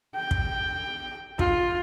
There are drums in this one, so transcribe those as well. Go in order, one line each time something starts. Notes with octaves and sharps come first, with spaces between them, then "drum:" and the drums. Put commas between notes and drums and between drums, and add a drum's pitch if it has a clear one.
G5
drum: kick
F4, drum: kick